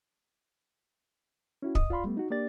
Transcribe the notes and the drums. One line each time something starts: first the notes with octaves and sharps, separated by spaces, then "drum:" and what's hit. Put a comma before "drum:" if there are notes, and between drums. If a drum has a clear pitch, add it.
C#4 E4 F#4
D#5 D#6, drum: kick
F4 D5 F5 B5 C6
G3 A3 B3
D#4 F#4
A#3 D4 G4 D5 A6